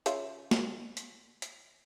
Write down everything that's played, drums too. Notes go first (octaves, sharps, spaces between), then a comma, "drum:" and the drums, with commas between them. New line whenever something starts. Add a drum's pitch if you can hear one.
C#3 F4 E5, drum: hi-hat
drum: snare A#3
drum: hi-hat
drum: hi-hat